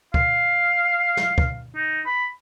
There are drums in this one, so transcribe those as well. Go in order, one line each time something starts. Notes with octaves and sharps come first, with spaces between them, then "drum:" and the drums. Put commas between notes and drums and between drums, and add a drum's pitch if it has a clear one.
F5, drum: kick
drum: snare
drum: kick
D#4
B5